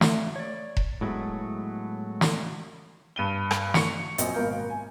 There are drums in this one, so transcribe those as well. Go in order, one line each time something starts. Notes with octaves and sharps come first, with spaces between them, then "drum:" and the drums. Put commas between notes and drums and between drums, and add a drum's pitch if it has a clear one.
A3, drum: snare
C#5 D5
drum: kick E1
A2 F#3 G#3 A3 B3
drum: snare
G2 D#7 G7
drum: rim click
C#6 C#7 F7, drum: snare
A#1 F#2 C4 D#5, drum: hi-hat
G#1 B2 A#3 A#4 F5 G6
G#5